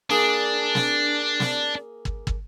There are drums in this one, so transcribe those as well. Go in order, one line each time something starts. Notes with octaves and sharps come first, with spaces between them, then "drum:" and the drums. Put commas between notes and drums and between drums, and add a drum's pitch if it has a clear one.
A#3 D4 G#4
drum: snare
drum: snare
drum: kick
drum: kick